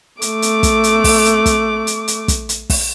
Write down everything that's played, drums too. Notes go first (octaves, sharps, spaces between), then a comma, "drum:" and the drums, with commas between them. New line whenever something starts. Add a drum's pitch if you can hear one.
A3 D6, drum: hi-hat
drum: hi-hat
drum: kick, hi-hat
drum: hi-hat
drum: kick, open hi-hat
drum: hi-hat
drum: kick, hi-hat
drum: hi-hat
drum: hi-hat
drum: kick, hi-hat
drum: hi-hat
drum: kick, open hi-hat